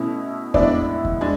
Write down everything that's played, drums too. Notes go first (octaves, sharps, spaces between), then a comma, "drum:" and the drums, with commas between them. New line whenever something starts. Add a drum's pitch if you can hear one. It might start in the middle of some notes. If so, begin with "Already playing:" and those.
Already playing: B2 A3 C#4 E4
A2 G#3 B3 D4 E4 D5, drum: kick E2
drum: kick E2
G#3 D4 G#4